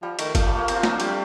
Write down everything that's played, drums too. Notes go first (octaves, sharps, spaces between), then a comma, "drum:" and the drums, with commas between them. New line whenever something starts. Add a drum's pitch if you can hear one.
F3 G3
D#3 A3, drum: cymbal
F3 A3, drum: kick G1, cymbal
G3
A3
C4, drum: cymbal
F4
D#4, drum: snare
D4
G3 C4, drum: cymbal